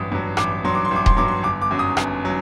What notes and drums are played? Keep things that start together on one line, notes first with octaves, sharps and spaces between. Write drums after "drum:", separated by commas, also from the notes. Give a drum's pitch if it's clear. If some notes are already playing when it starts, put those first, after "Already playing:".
Already playing: A1 G2 F#3 D#6
G2 F#3
A1 D6, drum: rim click
G2 F#3 C6
D6
C6
A1 D6
C6, drum: kick D#1
G2 F#3 D6
C6
G1 D6
D6
F#2 F#3
D#6
G1, drum: rim click
F#3